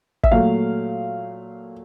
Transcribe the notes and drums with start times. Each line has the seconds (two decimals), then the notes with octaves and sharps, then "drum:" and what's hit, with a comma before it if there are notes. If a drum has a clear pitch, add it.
0.23 E5, drum: kick
0.31 A#2 F#3 A3 F5